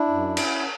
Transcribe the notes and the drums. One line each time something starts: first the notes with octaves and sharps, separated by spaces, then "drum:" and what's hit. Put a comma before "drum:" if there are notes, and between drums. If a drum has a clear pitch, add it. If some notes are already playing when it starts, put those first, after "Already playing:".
Already playing: D4 E4
F#2
C#4, drum: cymbal